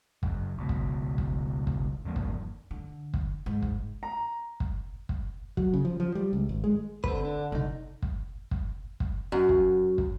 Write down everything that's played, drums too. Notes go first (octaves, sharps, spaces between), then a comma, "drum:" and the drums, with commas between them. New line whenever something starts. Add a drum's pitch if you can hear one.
F#1 F#2, drum: kick
C#2 B2
drum: kick
drum: kick
drum: kick
E2 G2 F3 A#3
drum: kick
D3
drum: kick
G#2
drum: kick
A#5
drum: kick
drum: kick
F#3, drum: kick
C#3
F3
F3
G3
C#2
G#1
G#3
D3 C4 B4, drum: kick
D4
B1 C3 D#4, drum: kick
drum: kick
drum: kick
drum: kick
F#2
drum: kick
drum: kick